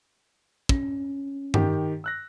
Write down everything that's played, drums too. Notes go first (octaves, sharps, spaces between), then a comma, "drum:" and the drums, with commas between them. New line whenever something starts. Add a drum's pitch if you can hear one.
C#4, drum: kick
D#3 G4, drum: tom G2
E6 F#6 A#6